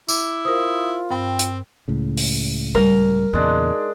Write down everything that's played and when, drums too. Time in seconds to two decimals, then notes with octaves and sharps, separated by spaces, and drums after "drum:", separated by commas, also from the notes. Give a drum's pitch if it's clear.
0.08 E4 D6, drum: tambourine
0.45 F4 A#4 C5 D#6
1.11 G2 C4 G5
1.39 drum: hi-hat
1.88 C#2 A2 C#3
2.17 drum: open hi-hat
2.75 G3 A#4
3.33 E2 A#2 C#3 G#3 D4 D#4